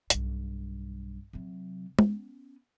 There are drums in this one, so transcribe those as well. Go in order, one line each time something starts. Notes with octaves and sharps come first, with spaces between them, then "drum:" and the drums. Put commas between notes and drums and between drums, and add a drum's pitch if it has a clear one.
B1 G2, drum: hi-hat
C3 F#3
B3 C#4, drum: tom